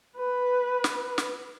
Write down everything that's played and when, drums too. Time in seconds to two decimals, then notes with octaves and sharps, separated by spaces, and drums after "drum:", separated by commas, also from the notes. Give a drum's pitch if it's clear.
0.17 B4
0.84 drum: snare
1.18 drum: snare